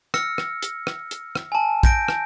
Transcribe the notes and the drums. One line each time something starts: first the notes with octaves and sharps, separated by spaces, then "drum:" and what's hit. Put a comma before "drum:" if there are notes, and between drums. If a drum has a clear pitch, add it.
E6 F6 A#6 C#7, drum: rim click
drum: rim click
drum: hi-hat
drum: rim click
drum: hi-hat
drum: rim click
G#5 A5
G6 A#6 D7, drum: kick, hi-hat
drum: rim click